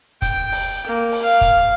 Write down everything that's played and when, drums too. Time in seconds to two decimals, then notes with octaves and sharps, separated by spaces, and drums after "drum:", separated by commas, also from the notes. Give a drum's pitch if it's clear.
0.22 G5, drum: kick, hi-hat
0.52 drum: open hi-hat
0.86 A#3
1.11 drum: open hi-hat
1.22 F5
1.41 drum: kick, hi-hat